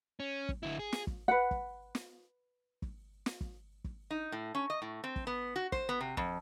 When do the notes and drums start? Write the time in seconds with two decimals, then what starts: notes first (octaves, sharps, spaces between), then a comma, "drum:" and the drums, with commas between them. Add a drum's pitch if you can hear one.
0.20 C#4
0.49 drum: kick
0.63 D3 E4
0.79 G#4
0.92 drum: snare
1.07 drum: kick
1.28 B4 F#5
1.51 drum: kick
1.95 drum: snare
2.82 drum: kick
3.26 drum: snare
3.41 drum: kick
3.84 drum: kick
4.10 D#4
4.32 A2
4.55 C#4
4.70 D#5
4.82 A2
5.04 C4
5.16 drum: kick
5.27 B3
5.56 F#4
5.72 C5, drum: kick
5.89 B3
6.01 C3
6.17 F2, drum: kick